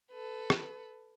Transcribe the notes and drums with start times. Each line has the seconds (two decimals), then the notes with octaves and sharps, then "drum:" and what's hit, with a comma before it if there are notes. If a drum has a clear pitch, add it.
0.12 A4 B4
0.50 drum: rim click